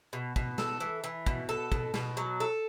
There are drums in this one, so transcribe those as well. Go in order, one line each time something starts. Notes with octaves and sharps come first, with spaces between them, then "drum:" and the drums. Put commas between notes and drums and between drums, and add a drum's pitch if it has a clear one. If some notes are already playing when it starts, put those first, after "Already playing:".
B2
B2, drum: kick
A4, drum: snare
E3
E3
B2, drum: kick
A4
B2, drum: kick
B2, drum: snare
F#3
A4